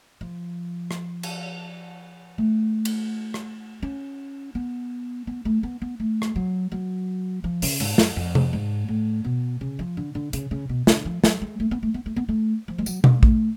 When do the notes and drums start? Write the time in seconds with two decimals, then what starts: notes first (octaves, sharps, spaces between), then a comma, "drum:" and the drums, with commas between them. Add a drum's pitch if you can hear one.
0.21 F3
0.91 drum: rim click
1.23 drum: cymbal
2.38 A3
2.85 drum: cymbal
3.34 drum: rim click
3.82 C#4
4.55 B3
5.27 B3
5.45 A3
5.63 B3
5.82 B3
6.00 A3
6.22 drum: rim click
6.36 F#3
6.72 F#3
7.44 F3
7.62 C#3, drum: open hi-hat
7.80 G#2, drum: cymbal
7.98 F#2, drum: snare
8.16 F2
8.35 drum: tom C3
8.53 G#2
8.88 A2
9.24 B2
9.61 C#3
9.79 F3
9.97 D3
10.15 D3
10.33 C#3, drum: hi-hat
10.51 C#3
10.69 B2
10.87 D3, drum: snare
11.05 F3
11.24 F#3, drum: snare
11.41 G#3
11.60 A3
11.71 B3
11.83 A3
11.94 B3
12.06 A3
12.16 B3
12.29 A3
12.68 F3
12.78 G#3
12.86 F#3, drum: tambourine
13.04 G#3, drum: tom B2
13.23 A3, drum: kick A#1